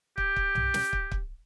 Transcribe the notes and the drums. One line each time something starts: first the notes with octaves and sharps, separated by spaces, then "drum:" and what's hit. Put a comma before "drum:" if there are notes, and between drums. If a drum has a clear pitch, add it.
G4, drum: kick
drum: kick
drum: tom B1
drum: snare
drum: kick
drum: kick